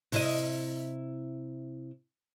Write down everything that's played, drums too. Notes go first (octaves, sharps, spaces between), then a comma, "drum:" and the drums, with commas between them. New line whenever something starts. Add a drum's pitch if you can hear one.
C3 E4 D#5, drum: open hi-hat